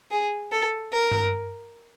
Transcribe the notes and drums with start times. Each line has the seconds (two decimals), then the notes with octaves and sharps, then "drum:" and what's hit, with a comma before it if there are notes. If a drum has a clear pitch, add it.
0.11 G#4
0.52 A4
0.93 A#4
1.11 drum: tom G2